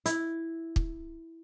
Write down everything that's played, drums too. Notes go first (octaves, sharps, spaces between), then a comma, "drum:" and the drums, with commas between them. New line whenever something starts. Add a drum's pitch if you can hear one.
E4, drum: hi-hat
drum: kick